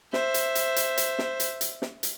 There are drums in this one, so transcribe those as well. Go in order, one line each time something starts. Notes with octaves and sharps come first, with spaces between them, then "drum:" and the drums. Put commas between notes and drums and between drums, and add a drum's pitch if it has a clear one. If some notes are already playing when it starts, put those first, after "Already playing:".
C5 E5, drum: snare
drum: hi-hat
drum: hi-hat
drum: hi-hat
drum: hi-hat
drum: snare
drum: hi-hat
drum: hi-hat
drum: snare
drum: hi-hat